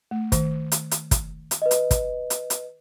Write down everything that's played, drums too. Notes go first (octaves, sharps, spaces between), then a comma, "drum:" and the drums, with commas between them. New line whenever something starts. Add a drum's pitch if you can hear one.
A3
D#3, drum: kick, hi-hat
drum: hi-hat
drum: hi-hat
drum: kick, hi-hat
drum: hi-hat
B4 D#5
drum: hi-hat
drum: kick, hi-hat
drum: hi-hat
drum: hi-hat